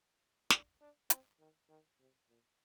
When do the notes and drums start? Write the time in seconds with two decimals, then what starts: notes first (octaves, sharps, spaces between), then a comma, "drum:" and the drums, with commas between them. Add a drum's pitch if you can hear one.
0.50 D4, drum: snare
0.81 D4
1.10 C4, drum: hi-hat
1.39 D#3
1.69 D#3
2.00 C3
2.29 A#2